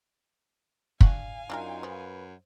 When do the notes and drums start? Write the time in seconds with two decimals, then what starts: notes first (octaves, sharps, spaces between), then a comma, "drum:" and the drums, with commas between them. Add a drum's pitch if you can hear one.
1.01 D4 F#4 F5 G#5, drum: kick
1.50 F#2 D4 D#4 F4 A4 A#4
1.83 F3 B4